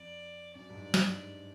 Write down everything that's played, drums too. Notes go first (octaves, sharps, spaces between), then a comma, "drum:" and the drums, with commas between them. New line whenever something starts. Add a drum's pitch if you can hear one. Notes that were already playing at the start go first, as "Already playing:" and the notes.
Already playing: F2 D5
F#2 D5
G2
G#2
drum: snare